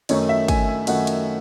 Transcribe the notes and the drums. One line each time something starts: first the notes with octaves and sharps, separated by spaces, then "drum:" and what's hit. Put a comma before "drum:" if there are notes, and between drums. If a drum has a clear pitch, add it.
F#2 D#3 A3 D#4 C#5, drum: cymbal
E5
G#5, drum: kick, cymbal
G#5
F#2 D#3 A3 D#4 F#5, drum: cymbal
drum: cymbal